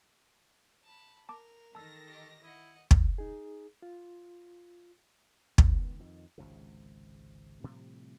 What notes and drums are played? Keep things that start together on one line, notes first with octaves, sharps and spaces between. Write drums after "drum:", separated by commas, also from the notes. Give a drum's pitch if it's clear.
A5 B5
A#4 A5 D6
D#3 A4 A5 E6 A#6
G4
E4 D#5 F#5
drum: kick
D#4 G#4
F4
C#2 D#3 B3, drum: kick
F2 D#3
G#1 C#2 C3
A2 C3 F3 G3